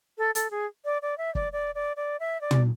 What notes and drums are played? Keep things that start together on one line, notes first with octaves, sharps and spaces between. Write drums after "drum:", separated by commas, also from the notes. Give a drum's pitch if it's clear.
A4
A4, drum: hi-hat
G#4
D5
D5
E5
D5, drum: kick
D5
D5
D5
E5
D5
drum: tom